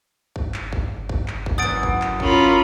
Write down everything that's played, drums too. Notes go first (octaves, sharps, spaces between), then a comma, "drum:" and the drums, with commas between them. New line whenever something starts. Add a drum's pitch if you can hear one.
drum: kick
drum: clap
drum: kick
drum: kick
drum: clap
drum: kick
F#2 E3 D#6 A6 D7
drum: kick
drum: clap
C#4 F4 A#4 B5, drum: kick